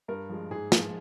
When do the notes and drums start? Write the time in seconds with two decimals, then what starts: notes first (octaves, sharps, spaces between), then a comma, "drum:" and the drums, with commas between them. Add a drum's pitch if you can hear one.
0.08 G2 A#4
0.29 F3 G#3
0.51 G#2 G#4
0.72 F3 G#3, drum: snare